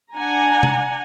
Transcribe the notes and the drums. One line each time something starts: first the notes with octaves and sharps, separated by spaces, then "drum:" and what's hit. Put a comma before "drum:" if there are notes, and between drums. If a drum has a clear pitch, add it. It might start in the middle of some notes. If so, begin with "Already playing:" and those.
D4 F#5 G#5 A#5
drum: tom C3